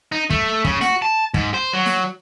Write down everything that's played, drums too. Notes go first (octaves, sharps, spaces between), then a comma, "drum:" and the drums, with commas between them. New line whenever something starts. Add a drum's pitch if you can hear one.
D#4
A3, drum: kick
C#3, drum: kick
F#4, drum: snare
A5
G#2, drum: kick
C5
F#3
drum: snare